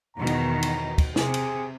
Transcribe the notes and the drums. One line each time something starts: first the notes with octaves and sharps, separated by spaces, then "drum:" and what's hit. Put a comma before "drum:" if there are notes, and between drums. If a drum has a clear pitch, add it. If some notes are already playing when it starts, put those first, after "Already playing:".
E2 B2 D#3 A#5
drum: cymbal
drum: cymbal
drum: kick, cymbal
C3 G#4, drum: snare
drum: cymbal